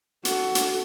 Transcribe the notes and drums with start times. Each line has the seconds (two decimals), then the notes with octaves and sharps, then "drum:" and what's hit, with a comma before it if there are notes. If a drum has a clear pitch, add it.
0.25 F#4 A4, drum: hi-hat
0.55 drum: hi-hat